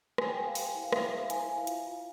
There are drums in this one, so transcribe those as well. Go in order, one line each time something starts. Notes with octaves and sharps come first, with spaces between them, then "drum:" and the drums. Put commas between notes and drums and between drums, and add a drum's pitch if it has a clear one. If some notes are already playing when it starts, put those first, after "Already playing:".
G4 G#5, drum: rim click
G5
C5 G#5
F5
G4 G5, drum: open hi-hat
G#5
E4
F5
C5 E5, drum: rim click
E5
C5
F5
E4 G#5, drum: hi-hat
A#5
E4 G#5
F5
F4, drum: hi-hat
F4